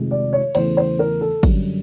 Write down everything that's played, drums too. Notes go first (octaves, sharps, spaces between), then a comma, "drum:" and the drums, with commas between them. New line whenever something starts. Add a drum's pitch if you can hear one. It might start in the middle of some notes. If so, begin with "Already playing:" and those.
Already playing: F1 F2 C3 D#3 G#3
D5
C#5
E2 C#3 E3 A3 C5, drum: cymbal
C5
A#4
A4
F#2 D3 G3, drum: kick, cymbal